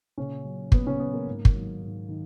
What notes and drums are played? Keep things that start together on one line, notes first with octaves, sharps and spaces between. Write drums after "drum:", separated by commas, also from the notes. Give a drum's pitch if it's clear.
A#2 C#3 C#4
F#3
A#2 B3, drum: kick
C#3 C#4
F#3 B3
A#3
G#2
drum: kick
D#3 F#3
G#2
D#3